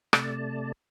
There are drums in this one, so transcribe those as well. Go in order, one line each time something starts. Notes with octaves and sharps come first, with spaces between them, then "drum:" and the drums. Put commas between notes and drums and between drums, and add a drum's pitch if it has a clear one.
C3 A3 D5 A5, drum: rim click